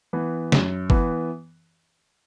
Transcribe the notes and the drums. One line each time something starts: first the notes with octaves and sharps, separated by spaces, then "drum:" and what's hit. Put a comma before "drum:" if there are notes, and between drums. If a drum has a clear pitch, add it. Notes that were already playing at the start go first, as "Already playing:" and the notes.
E3 B3
F#2, drum: snare
E3 B3, drum: kick G1